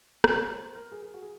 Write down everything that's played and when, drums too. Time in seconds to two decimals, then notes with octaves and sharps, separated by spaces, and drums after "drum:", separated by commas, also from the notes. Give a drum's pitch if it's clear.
0.24 C#5, drum: rim click
0.35 C#5
0.41 C5
0.58 C5
0.75 A#4
0.92 G#4
1.02 G#4
1.14 F#4
1.22 G#4